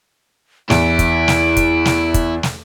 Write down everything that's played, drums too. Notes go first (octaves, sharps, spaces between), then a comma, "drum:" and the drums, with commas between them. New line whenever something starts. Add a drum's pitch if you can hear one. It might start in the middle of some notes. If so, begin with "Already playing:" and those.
E2 E4 D7, drum: snare
drum: kick, hi-hat
drum: snare
drum: kick, hi-hat
drum: snare
drum: kick, hi-hat
drum: snare